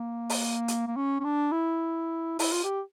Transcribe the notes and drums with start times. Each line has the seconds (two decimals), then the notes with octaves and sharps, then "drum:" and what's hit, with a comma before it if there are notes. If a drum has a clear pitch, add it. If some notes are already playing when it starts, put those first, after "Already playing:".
Already playing: A#3
0.30 drum: open hi-hat
0.68 drum: hi-hat
0.87 A#3
0.96 C#4
1.20 C#4
1.24 D4
1.52 E4
2.39 E4, drum: open hi-hat
2.52 F4
2.64 G4